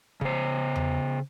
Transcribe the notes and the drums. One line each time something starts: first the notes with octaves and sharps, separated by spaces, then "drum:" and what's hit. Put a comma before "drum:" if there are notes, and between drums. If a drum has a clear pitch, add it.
C#3 C5, drum: kick
drum: tom E2